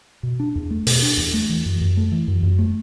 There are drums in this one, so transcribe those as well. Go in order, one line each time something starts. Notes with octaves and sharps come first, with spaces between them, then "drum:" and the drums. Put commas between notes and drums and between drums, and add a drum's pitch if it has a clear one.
B2
D4
E2
A3
B2, drum: open hi-hat
D4
E2
A3
E3
F#2
F#2
A3
E3
F#2
F#2
A3